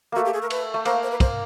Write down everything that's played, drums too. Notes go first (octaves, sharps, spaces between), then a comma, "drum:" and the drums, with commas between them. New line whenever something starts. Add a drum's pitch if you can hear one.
A3 A#3 F#4
G4
G#4
A#4
B4, drum: cymbal
A3
A#3 C5, drum: cymbal
C5
B4
C5, drum: kick, cymbal